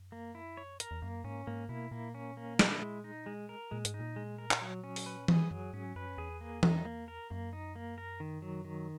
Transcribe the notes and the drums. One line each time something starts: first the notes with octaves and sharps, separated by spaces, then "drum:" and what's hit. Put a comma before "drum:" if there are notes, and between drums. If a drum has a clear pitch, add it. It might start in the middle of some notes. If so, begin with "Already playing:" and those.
Already playing: F#2
A#3
E4
C#5
A#4, drum: hi-hat
E2
F#2 A#3
G#2 C#4
G#2 A#3
B2 E4
A#2 A#3
C#4
A#3
E4, drum: snare
G#3
D#4
G#3
A#4
A#2 G#3
G#2, drum: hi-hat
D#4
A#2
G#3
A#4
drum: clap
F#3
C#4
drum: open hi-hat
B4
G#4, drum: tom E3
F#2 F#3
G#2 C#4
F#2 B4
E2 G#4
A#3
D#4, drum: tom E3
A#3
A#4
F#2 A#3
D#4
A#3
A#4
D#3
F#3
D#3